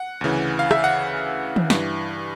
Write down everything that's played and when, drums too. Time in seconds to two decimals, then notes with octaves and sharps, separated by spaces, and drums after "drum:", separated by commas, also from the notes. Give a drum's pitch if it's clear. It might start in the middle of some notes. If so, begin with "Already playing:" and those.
Already playing: F#5
0.21 D2 C#3 E3
0.59 F5
0.71 E5, drum: rim click
0.84 F#5
1.56 drum: tom
1.70 G2 E3, drum: snare